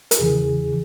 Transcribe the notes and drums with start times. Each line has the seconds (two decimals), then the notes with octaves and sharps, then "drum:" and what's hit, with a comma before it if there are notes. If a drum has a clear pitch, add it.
0.11 A#4, drum: hi-hat
0.18 E2 C#3 E3 G#4